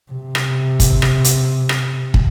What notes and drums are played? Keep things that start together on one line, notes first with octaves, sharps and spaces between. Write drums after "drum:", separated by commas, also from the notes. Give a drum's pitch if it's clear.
C3
drum: rim click
drum: kick, hi-hat
drum: rim click
drum: hi-hat
drum: rim click
drum: kick